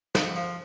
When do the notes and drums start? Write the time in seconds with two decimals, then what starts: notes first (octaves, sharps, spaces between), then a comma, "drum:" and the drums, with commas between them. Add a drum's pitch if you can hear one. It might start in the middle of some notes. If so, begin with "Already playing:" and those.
0.15 F2 F#5, drum: snare
0.36 F3